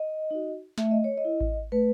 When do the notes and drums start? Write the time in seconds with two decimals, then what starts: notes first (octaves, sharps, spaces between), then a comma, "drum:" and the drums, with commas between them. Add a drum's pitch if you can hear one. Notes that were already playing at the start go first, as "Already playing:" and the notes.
Already playing: D#5
0.31 D#4 F#4
0.78 A3 E5, drum: snare
0.91 D#5
1.04 C#5
1.17 D#5
1.25 E4
1.41 drum: kick A1
1.72 A3 B4